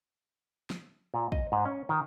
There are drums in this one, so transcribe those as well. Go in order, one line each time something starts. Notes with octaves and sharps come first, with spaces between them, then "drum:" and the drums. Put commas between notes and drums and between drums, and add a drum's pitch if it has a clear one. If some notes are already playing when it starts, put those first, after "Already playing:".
drum: snare
A#2
D#5, drum: kick
G#2
C#4
D#3